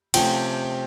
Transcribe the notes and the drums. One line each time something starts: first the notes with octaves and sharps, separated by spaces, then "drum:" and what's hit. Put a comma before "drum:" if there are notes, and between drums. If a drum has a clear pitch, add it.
C3 F3 A3 C#4 G5, drum: cymbal